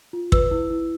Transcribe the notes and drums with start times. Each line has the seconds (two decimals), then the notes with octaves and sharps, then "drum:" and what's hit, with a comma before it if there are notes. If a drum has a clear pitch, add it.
0.13 F4
0.32 B4 E6, drum: kick
0.51 E4
0.70 E4